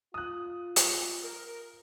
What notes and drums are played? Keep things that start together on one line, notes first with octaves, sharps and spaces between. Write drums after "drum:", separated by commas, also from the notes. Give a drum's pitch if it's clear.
F4 D#6 F#6
drum: hi-hat
A#4